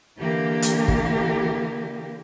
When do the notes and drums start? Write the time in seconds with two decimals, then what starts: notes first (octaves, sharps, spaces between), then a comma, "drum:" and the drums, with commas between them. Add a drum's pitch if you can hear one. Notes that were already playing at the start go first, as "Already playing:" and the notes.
0.19 D3 E3 A#3 G4
0.62 drum: hi-hat
0.88 drum: kick